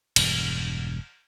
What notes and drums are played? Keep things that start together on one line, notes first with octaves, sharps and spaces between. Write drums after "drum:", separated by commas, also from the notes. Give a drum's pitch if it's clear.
E1 G2, drum: cymbal